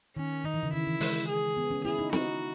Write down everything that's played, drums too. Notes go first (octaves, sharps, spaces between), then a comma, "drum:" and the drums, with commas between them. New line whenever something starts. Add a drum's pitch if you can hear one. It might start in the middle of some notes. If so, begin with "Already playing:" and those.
D#3 C#4
D#3 D#4
E3
C#3
D#3 E4
E3
G#3, drum: open hi-hat
G#4
B3
C#4
E4 G#4
D#4
D#4 F#4, drum: snare